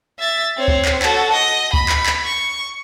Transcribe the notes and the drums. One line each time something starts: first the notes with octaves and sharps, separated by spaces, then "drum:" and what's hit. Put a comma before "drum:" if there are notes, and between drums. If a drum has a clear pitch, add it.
E5 A6
C4 C#5
drum: kick C#2
drum: clap
F#4 A4, drum: clap
D#5
B5, drum: kick C#2
drum: clap
drum: clap
C#6